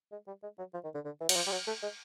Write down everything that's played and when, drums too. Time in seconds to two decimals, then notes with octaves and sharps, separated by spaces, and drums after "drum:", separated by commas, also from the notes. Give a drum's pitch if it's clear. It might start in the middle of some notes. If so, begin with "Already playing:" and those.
0.12 G#3
0.27 G3
0.43 G#3
0.59 F#3
0.74 F3
0.84 D#3
0.95 D3
1.05 D3
1.21 E3
1.29 F#3, drum: cymbal
1.36 F3
1.47 G3
1.52 F#3
1.67 A3
1.83 G#3